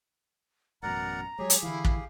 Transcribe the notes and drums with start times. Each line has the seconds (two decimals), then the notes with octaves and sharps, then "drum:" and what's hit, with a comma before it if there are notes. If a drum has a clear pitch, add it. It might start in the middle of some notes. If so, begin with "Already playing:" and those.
0.83 A1 F#2 B2 A#4 D5 F#5 A#5
1.39 F#3 G#3 G4 G#4 C#5
1.50 drum: hi-hat
1.63 D3 E3 E4 F5
1.85 drum: kick